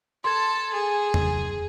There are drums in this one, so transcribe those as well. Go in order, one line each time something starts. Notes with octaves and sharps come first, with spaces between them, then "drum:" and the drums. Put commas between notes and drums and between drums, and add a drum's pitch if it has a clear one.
A4 A5 C6 G#6
G#4
drum: tom E2